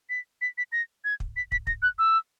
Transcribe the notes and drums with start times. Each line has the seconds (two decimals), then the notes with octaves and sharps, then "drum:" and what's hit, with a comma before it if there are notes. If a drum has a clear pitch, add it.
0.10 B6
0.41 B6
0.58 B6
0.72 A#6
1.05 G#6
1.20 drum: kick
1.36 B6
1.52 B6, drum: kick
1.67 A#6, drum: kick
1.82 F#6
1.99 E6